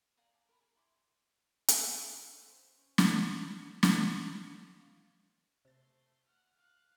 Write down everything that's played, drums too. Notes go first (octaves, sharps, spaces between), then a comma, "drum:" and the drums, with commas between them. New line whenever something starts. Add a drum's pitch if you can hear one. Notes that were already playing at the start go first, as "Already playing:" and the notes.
D5 F5 G#5 A#5
A5 D6
A#4 A#5 B5
G#4 A#4 G#5
E4 C6 D6
D4, drum: hi-hat
B4
C5
C#4
drum: snare
B3
E7
drum: snare
F5 C#6
C3 A3 C6 A6
F#5 F6
F5 F#6